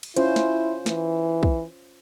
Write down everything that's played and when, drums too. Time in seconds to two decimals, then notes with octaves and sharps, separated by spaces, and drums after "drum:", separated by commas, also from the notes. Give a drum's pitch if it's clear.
0.03 drum: cymbal
0.16 C#4 E4 F4 C5, drum: hi-hat
0.36 drum: snare
0.86 E3, drum: snare
1.43 drum: kick